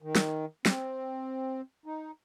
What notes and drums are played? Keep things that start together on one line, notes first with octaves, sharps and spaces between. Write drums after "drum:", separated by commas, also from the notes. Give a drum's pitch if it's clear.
D#3
drum: snare
C4, drum: snare
D#4